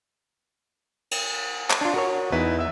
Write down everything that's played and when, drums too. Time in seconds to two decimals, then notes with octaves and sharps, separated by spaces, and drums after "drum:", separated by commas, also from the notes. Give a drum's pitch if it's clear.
1.11 drum: cymbal
1.70 drum: clap
1.81 D4 F4
1.94 F#4 A#4 C#5
2.32 E2 D#4 E4 B4
2.59 E5 E6